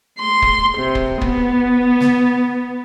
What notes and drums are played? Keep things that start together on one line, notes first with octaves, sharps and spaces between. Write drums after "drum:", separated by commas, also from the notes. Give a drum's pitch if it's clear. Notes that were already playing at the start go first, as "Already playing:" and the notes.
C6
drum: kick
C3
drum: kick
B3, drum: kick
drum: snare